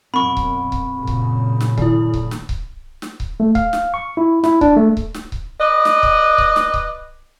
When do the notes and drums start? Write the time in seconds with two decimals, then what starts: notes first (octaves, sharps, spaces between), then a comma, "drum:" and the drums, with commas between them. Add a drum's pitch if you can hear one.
0.14 F#2 B2 C4 B5 C#6
0.37 drum: kick C#1
0.72 drum: kick C#1
0.95 F#2 A#2 C#3
1.07 drum: kick C#1
1.60 drum: snare
1.78 D#3 E4, drum: kick C#1
2.14 drum: kick C#1
2.31 drum: snare
2.49 drum: kick C#1
3.02 drum: snare
3.20 drum: kick C#1
3.40 A3
3.55 F5, drum: kick C#1
3.73 drum: snare
3.94 C#6
4.17 E4
4.44 E4, drum: snare
4.61 D4, drum: kick C#1
4.77 A3
4.97 drum: kick C#1
5.14 drum: snare
5.32 drum: kick C#1
5.60 B4 D5 D#5
5.85 drum: snare
6.03 drum: kick C#1
6.38 drum: kick C#1
6.56 drum: snare
6.74 drum: kick C#1